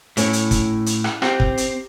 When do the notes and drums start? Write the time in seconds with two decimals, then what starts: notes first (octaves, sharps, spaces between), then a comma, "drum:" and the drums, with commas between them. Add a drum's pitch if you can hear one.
0.17 A2 C#4 E4 A4, drum: hi-hat
0.33 drum: hi-hat
0.51 drum: kick, hi-hat
0.86 drum: hi-hat
1.04 drum: rim click
1.22 C4 G4 A#5, drum: rim click
1.40 drum: kick
1.57 drum: hi-hat